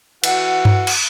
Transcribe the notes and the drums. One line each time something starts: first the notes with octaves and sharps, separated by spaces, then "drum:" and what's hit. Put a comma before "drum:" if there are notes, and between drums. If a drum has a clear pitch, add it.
E3 F#4 A4 F#5, drum: cymbal
drum: tom G2
drum: cymbal